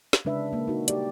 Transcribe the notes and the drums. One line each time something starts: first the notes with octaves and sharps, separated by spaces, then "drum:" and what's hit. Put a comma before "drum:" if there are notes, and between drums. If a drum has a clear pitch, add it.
drum: snare
C#3 G#3 D4 B4 E5
A#3
D#4 F#4
G4 D5, drum: hi-hat